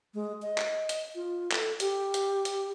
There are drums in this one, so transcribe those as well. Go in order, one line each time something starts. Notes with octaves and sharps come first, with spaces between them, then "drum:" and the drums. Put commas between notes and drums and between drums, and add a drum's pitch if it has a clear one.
G#3
D#5
drum: clap
drum: hi-hat
F4
A4, drum: clap
G4, drum: hi-hat
drum: hi-hat
drum: hi-hat